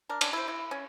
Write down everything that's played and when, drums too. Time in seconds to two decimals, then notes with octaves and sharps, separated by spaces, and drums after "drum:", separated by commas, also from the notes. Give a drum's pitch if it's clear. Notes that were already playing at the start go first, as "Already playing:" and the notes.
0.09 D4 A#4
0.21 C#4 D4, drum: cymbal
0.33 E4 C5
0.48 E4
0.71 C#4